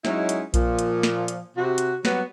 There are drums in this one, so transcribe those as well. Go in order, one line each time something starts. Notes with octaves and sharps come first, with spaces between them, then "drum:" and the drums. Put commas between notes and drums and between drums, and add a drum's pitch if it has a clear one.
F#3 G#3 C#4 D#4 E4, drum: snare
drum: hi-hat
A#2 F3, drum: kick A#1, hi-hat
drum: hi-hat
drum: snare
drum: hi-hat
C3 F#4
drum: hi-hat
F#3 G3 B3 F#4, drum: snare